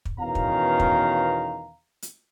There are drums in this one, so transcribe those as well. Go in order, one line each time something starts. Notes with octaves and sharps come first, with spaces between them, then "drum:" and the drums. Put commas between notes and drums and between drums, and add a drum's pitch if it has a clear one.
drum: kick
E2 B2 D#3 C#4 F5 A#5
drum: kick
drum: kick
drum: hi-hat